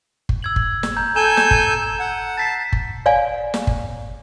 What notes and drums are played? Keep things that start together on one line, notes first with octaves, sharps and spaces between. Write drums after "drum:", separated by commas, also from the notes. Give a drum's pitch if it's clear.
drum: kick G1
E6 G#6 F#7
drum: kick G1
drum: snare
A#5 G6
A4 G#5 A#5 G6 E7
drum: snare
drum: kick G1
F#5
A5 A6 B6 C7
drum: kick G1
C#5 D5 F5 G#5
drum: snare
drum: kick G1